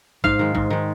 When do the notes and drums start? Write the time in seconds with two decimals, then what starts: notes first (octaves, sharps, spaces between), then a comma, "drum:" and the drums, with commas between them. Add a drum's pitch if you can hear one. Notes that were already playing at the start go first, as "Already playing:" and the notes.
0.24 G#2 F5, drum: kick
0.39 D#3 G#3
0.55 G#2, drum: kick
0.70 D#3 G#3